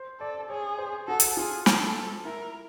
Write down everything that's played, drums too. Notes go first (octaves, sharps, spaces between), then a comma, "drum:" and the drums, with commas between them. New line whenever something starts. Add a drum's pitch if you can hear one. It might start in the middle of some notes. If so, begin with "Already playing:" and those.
Already playing: C5
A4 D5
G#4 C#5
C5
F#4 A4
drum: hi-hat
F4 G#4
A4, drum: snare
E4 A#4